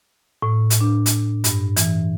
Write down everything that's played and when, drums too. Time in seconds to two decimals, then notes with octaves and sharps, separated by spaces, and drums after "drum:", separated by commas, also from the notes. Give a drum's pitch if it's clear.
0.42 A2
0.70 drum: hi-hat
0.81 D4
1.06 drum: hi-hat
1.44 G2, drum: hi-hat
1.77 E3, drum: hi-hat